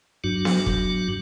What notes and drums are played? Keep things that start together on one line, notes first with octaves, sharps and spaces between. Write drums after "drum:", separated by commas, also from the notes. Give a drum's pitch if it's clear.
G2 F#3 D4 F#4
drum: snare B3
drum: kick